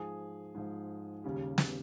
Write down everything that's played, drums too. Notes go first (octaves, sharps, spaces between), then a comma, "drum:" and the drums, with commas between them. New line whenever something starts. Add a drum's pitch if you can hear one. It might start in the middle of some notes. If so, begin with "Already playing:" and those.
Already playing: G#2 F3 G#4
G#2 F3
D#2 C#3 G3
drum: snare